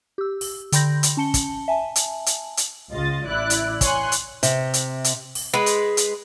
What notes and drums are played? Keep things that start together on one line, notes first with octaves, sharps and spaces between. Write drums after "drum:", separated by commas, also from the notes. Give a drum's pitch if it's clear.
G4 E6
drum: open hi-hat
D3 G5 B5 C6 G6 A#6, drum: hi-hat
drum: hi-hat
C#4 A5 C#7 G7
drum: kick, hi-hat
E5 G#5 A5
drum: hi-hat
drum: hi-hat
drum: hi-hat
C#2 F4 D#5 A6
A1 E4 D5 F#6
drum: hi-hat
C#5 G#5 C6 F#6, drum: kick, hi-hat
drum: hi-hat
C3, drum: hi-hat
drum: hi-hat
drum: hi-hat
drum: open hi-hat
G#3 B4
drum: hi-hat
drum: hi-hat